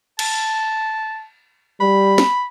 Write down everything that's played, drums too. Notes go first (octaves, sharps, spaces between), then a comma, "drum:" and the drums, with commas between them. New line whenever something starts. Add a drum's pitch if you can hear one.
A5, drum: cymbal
G3 B5
drum: snare